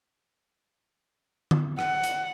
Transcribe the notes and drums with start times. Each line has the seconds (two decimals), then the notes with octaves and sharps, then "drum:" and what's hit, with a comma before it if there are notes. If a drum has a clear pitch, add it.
1.51 drum: tom D3
1.79 F#5, drum: rim click
2.03 drum: hi-hat